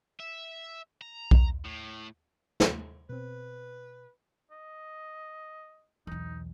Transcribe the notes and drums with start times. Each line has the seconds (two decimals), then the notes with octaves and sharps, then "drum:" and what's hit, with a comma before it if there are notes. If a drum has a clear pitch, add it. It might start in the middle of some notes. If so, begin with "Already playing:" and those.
0.20 E5
1.01 A#5
1.31 drum: kick B1
1.65 A2
2.60 drum: snare
3.09 B2 C4 B4
4.51 D#5
6.07 B1 E2 D#4